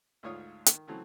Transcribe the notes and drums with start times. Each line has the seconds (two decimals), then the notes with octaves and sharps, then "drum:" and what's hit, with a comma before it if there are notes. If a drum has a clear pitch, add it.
0.23 D2 G#2 F4 C#5 D#6
0.66 D#3, drum: hi-hat
0.87 C#3 E3 F#3 A3 C4